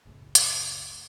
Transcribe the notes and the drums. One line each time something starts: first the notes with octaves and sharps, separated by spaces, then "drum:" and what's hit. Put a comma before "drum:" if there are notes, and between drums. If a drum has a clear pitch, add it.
F#1 C#2 A2
drum: hi-hat